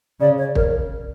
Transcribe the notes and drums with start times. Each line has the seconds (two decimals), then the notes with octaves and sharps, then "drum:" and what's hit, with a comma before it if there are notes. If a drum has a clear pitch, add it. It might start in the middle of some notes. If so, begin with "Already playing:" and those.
0.20 C#3 D5
0.37 C#5
0.55 A#4, drum: kick